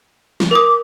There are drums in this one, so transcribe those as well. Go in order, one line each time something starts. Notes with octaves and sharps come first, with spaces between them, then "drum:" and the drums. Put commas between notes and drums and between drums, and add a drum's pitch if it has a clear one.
drum: snare
A#4 D6 D#6